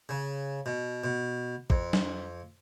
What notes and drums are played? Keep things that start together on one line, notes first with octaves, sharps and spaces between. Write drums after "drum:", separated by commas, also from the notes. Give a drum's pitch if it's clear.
C#3
B2
B2
F2, drum: kick
drum: snare